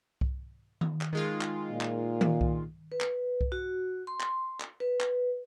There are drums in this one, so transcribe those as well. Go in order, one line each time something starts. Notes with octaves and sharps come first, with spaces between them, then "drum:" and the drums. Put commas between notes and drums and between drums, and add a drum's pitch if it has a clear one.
drum: kick C2
drum: tom D#3
drum: clap
D#3 G#3 F4
drum: clap
A#2
drum: clap
drum: tom D#3
drum: kick C2
B4
drum: clap
drum: kick C2
F#4
C6
drum: clap
drum: clap
B4
drum: clap